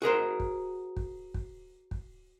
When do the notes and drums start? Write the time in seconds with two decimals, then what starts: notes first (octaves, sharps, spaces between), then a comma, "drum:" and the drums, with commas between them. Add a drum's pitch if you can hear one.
0.02 F#4 G#4 A#4 C5
0.40 drum: kick
0.97 drum: kick
1.34 drum: kick
1.91 drum: kick